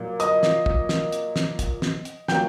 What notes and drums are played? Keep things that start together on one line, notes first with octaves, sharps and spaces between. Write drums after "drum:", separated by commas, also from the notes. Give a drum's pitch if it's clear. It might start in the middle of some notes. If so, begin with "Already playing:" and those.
Already playing: A#2 F#3
D#5 D#6, drum: hi-hat
drum: snare
drum: kick
drum: snare
drum: hi-hat
drum: snare
drum: kick, hi-hat
drum: snare
drum: hi-hat
A#2 F#3 G5 G6, drum: snare